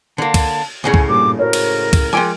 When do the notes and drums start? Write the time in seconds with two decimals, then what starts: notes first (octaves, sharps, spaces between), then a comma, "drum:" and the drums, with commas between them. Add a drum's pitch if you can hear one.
0.18 D3 A#3 A5
0.34 drum: kick, cymbal
0.84 C#2 A2 C#3 G#5
0.94 drum: kick
1.08 G2 A#2 D6
1.39 F#4 A#4 C5 C#5
1.53 drum: cymbal
1.93 drum: kick, cymbal
2.13 F3 G#3 G5 G#5 D6 D7